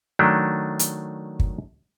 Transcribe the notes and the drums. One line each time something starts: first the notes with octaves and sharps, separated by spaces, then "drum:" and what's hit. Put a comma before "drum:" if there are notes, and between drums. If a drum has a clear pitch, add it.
D#3 F#3 A3 D4
drum: hi-hat
drum: kick